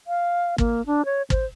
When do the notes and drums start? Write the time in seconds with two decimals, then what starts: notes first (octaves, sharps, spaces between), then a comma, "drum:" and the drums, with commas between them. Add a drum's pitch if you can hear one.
0.07 F5
0.58 A#3, drum: kick
0.86 D4
1.05 C#5
1.30 C5, drum: kick